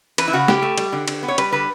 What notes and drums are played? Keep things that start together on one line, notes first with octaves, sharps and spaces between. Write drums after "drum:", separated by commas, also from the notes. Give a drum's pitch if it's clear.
E3 B4, drum: cymbal
E4
C#3 F#4
C#3 G4, drum: snare
A3
G3, drum: cymbal
D3
D3, drum: cymbal
B3
C#5
G3 B4, drum: cymbal
D3 B4